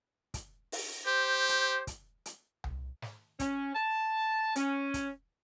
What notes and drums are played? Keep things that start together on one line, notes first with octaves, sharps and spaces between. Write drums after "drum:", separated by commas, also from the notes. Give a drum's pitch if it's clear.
drum: kick, hi-hat
drum: open hi-hat
G4 C5
drum: hi-hat
drum: kick, hi-hat
drum: hi-hat
drum: tom C2
drum: snare
C#4, drum: kick, hi-hat
A5
C#4, drum: hi-hat
drum: kick, hi-hat